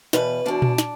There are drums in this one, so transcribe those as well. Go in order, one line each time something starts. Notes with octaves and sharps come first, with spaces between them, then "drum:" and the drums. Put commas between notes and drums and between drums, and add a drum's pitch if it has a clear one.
E2 B2 B4, drum: snare
E2 B2 D4
drum: tom A#2
drum: snare